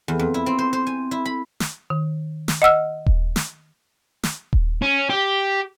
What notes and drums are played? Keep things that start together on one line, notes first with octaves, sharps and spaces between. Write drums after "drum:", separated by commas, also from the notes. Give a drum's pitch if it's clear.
E2
F2
E4
C4
C5
C5
G#5
E4
B5
drum: snare
D#3
drum: snare
D#5 F#5 E6 F6
drum: kick D#1
drum: snare
drum: snare
drum: kick D#1
C#4
G4